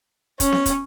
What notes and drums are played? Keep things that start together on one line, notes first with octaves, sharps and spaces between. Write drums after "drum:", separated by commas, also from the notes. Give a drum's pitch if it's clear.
C#4, drum: kick, hi-hat
drum: snare B3
drum: kick, hi-hat